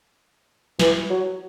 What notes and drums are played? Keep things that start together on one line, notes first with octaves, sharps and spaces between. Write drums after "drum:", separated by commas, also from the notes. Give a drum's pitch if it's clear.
E3, drum: snare
F#3